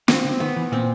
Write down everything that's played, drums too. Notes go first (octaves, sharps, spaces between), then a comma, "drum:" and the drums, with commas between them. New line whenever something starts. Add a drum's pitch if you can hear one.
D#3 C4, drum: snare
D3
D#3 B3
E3
A#2 C4